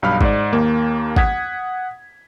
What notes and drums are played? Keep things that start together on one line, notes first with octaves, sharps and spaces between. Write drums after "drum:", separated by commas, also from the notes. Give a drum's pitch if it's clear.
B1 G2 F5 B5 F6
G#2 D5, drum: kick G#1
D#2 A#3
F#5 D#6 G#6 B6, drum: kick G#1